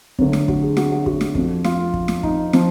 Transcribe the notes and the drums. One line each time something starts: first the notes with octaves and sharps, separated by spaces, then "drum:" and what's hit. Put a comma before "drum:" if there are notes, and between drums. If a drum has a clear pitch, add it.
D2 D3 F#3, drum: kick
drum: snare
F#4, drum: kick
G#4
F#4, drum: snare
F#4
F#4, drum: kick
drum: snare
F2 F3, drum: kick
F4, drum: snare
drum: kick
drum: snare
D#4, drum: kick
F3, drum: snare